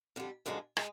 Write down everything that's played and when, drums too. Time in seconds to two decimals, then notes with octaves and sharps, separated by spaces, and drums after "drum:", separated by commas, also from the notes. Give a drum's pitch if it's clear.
0.16 F2 D3 G3
0.46 F#2 D3 F3 G#3
0.77 G#3, drum: rim click